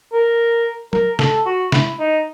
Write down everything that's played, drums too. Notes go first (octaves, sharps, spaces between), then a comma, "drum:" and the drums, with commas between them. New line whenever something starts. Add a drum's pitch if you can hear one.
A#4
A#4, drum: tom F#3
A4, drum: snare
F#4
E4, drum: snare
D#4